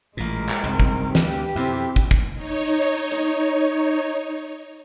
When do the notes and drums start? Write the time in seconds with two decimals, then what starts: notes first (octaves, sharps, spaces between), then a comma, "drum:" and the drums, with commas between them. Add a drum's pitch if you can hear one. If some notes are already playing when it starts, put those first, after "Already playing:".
0.17 A1 A#2 G#3 A#4
0.49 drum: clap
0.63 C2 F#2 D#3 C4
0.80 drum: kick
1.15 D2 G2 G4, drum: snare
1.55 F2 B2 C4 E4
1.96 drum: kick
2.11 drum: kick
2.34 D#4 C#5
3.12 drum: hi-hat